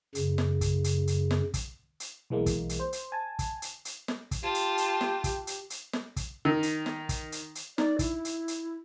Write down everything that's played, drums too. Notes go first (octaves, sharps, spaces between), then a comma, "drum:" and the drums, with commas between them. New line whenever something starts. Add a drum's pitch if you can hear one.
F#2 C#3, drum: hi-hat
drum: snare
drum: kick, hi-hat
drum: hi-hat
drum: hi-hat
drum: snare
drum: kick, hi-hat
drum: hi-hat
B1 E3 G#3 A#3
drum: kick, hi-hat
drum: hi-hat
C5
drum: hi-hat
G#5 A5
drum: kick, hi-hat
drum: hi-hat
drum: hi-hat
drum: snare
drum: kick, hi-hat
F4 G4 A5
drum: hi-hat
drum: hi-hat
drum: snare
drum: kick, hi-hat
drum: hi-hat
drum: hi-hat
drum: snare
drum: kick, hi-hat
D#3
drum: hi-hat
drum: snare
drum: kick, hi-hat
drum: hi-hat
drum: hi-hat
D#4 D5, drum: snare
E4, drum: kick, hi-hat
drum: hi-hat
drum: hi-hat